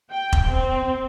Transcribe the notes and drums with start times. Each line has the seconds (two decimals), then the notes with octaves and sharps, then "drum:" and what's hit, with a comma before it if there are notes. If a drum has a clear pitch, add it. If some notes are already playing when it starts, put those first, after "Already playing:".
0.11 G5
0.33 drum: kick E1
0.50 C4